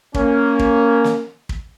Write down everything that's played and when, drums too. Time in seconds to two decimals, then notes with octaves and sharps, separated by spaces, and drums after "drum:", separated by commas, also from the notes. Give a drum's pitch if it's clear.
0.14 A#3 C#4, drum: kick
0.59 drum: kick
1.04 drum: snare
1.49 drum: kick